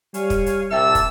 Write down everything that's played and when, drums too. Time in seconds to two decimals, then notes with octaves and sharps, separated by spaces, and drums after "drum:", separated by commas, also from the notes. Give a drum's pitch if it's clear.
0.14 G3 C#5 F5 G#5, drum: hi-hat
0.30 drum: kick, hi-hat
0.46 drum: hi-hat
0.71 C2 A#2 E5 G5 A5 E6
0.95 drum: kick, hi-hat